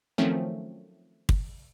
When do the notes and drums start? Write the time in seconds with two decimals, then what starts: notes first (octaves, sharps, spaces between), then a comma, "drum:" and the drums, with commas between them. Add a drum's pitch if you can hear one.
0.18 D#3 F3 F#3 A3 C4 C#4
1.29 drum: kick